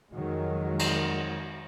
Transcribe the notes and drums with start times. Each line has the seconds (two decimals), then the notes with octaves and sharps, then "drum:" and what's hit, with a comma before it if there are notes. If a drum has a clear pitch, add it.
0.13 F2 D#3 F#3 G#3
0.79 drum: cymbal